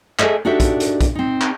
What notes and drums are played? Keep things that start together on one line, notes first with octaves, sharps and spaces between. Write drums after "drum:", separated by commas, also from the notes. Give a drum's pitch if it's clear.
G#4 A4 C#5 D#5 E5, drum: clap
D4 D#4 F#4 G4 A4 E5
drum: kick, hi-hat
drum: hi-hat
drum: kick, hi-hat
C4 D#4
drum: clap